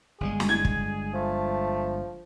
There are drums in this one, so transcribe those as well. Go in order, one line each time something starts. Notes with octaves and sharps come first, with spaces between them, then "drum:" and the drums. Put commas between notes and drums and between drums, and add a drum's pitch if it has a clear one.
G1 G3 G#3 G#4
drum: snare
G#6
drum: kick
F3 A3